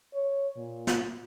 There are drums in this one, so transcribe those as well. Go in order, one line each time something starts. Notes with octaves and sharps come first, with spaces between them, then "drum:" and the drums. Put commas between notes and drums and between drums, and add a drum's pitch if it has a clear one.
C#5
A#2
drum: snare